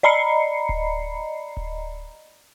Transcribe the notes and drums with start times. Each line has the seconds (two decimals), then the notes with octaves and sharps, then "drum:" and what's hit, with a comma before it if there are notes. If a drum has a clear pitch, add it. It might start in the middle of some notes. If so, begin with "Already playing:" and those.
0.03 D5 D#5 A#5 B5 C7 C#7
0.69 drum: kick D1
1.57 drum: kick D1